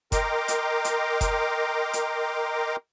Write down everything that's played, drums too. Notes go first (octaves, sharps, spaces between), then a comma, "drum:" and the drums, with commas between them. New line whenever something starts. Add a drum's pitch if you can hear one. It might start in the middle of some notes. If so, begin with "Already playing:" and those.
A#4 D#5 G5 A#5 C6 D6, drum: kick F#1, hi-hat
drum: hi-hat
drum: hi-hat
drum: kick F#1, hi-hat
drum: hi-hat